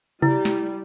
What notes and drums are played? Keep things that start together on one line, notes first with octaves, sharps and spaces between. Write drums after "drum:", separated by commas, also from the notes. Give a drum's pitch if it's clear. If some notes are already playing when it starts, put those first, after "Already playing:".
G3 E4, drum: tom C3
drum: snare